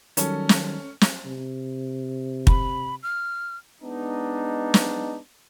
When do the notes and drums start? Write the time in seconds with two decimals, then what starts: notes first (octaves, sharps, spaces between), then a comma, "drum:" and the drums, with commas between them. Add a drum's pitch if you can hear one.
0.17 D#3 F#3 G3 C#4 A4, drum: hi-hat
0.49 drum: snare
1.01 drum: snare
1.25 C3
2.47 B5, drum: kick
3.03 F6
3.82 G#3 B3 D4 D#4
4.74 drum: snare